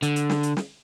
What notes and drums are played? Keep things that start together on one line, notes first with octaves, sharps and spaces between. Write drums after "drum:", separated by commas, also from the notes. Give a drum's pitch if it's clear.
D3, drum: hi-hat
drum: hi-hat
drum: snare
drum: hi-hat
drum: snare